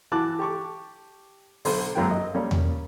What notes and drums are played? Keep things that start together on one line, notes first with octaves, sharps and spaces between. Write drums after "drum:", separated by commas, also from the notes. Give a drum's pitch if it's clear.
E3 F#4 A5 D6 F#6
G4 A5 C#6 D6
B1 D3 C5 C6, drum: open hi-hat
G#1 F#2 F#3 A#3 G5
D#5
G3 A#3 C#4
drum: tom E2